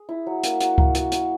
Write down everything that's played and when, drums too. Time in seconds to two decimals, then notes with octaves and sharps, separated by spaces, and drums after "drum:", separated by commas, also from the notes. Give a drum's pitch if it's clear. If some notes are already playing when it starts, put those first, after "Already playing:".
Already playing: G#4
0.09 E4
0.27 F#3
0.43 A#3, drum: hi-hat
0.60 F#4, drum: hi-hat
0.78 A#3, drum: kick C#2
0.95 F#4, drum: hi-hat
1.12 C#5, drum: hi-hat